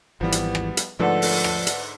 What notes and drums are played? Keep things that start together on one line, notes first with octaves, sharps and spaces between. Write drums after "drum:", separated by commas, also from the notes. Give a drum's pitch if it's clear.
G#1 E3 F3 G3 B3
drum: hi-hat
drum: rim click
drum: hi-hat
G#2 D3 F3 A3 A4 B4 D5 F#5
drum: open hi-hat
drum: rim click
drum: hi-hat